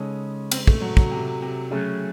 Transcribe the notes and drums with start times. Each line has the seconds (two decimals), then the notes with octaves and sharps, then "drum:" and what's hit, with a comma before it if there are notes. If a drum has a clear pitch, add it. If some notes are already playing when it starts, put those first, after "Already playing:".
Already playing: C#3 G#3 C#4 D#4 A4
0.51 C4, drum: cymbal
0.67 A3, drum: kick
0.81 F#3
0.97 F#3, drum: kick
1.11 C3
1.42 C3
1.71 C#3 F#3 A3 C#4